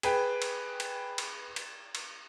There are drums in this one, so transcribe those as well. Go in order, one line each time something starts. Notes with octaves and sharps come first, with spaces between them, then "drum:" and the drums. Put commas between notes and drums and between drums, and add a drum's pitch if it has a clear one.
G#4 B4 G5, drum: cymbal
drum: cymbal
drum: cymbal
drum: cymbal
drum: cymbal
drum: cymbal